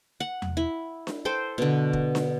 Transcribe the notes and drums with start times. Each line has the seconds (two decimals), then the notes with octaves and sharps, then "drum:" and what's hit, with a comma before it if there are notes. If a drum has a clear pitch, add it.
0.20 F#5
0.42 drum: tom E2
0.57 E4
1.07 drum: snare D4
1.25 A4 C5 G5
1.58 B2 D3
1.93 drum: kick
2.15 drum: snare D4